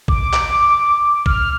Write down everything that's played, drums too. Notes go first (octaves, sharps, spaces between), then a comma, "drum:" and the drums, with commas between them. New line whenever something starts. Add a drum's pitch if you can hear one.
D6, drum: kick
drum: clap
F6, drum: kick